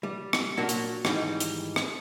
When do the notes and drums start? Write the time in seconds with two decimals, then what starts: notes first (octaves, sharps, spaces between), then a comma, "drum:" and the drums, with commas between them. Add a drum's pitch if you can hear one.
0.03 G3
0.33 drum: rim click
0.57 A#2 F#3 A#3 D4 F#4
0.69 drum: hi-hat
1.05 G#2 D#3 E3 G3 D#4, drum: rim click
1.40 drum: hi-hat
1.76 drum: rim click